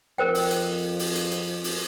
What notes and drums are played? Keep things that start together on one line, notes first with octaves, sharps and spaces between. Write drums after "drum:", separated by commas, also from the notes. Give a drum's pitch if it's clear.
F2 A#4 C5 G5
drum: open hi-hat
drum: hi-hat
drum: open hi-hat
drum: hi-hat
drum: hi-hat
drum: open hi-hat